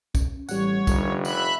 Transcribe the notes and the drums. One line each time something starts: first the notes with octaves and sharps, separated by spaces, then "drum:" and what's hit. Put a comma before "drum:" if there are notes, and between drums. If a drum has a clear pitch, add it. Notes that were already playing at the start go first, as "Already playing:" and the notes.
C#4, drum: kick, tambourine
A1 G3 C#5 F#5, drum: tambourine
F1 D3, drum: kick, tambourine
E5 B5 F#6, drum: tambourine